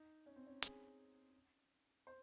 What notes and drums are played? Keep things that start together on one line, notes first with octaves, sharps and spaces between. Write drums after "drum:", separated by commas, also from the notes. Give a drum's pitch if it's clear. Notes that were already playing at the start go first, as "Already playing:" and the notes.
Already playing: D#4
C#4
C4
C#4
G#4, drum: hi-hat
C5